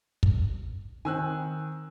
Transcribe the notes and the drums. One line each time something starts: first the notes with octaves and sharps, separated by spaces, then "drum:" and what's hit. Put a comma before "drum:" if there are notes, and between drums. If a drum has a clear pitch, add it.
drum: kick
D#3 C4 G#5 E6 F#6